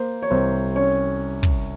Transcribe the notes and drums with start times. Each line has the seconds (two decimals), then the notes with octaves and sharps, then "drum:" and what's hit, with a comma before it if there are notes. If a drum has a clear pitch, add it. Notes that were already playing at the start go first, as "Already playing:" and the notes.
Already playing: A#3 C5
0.22 C#5
0.30 C2 C5
0.75 C#4 C#5
1.43 drum: kick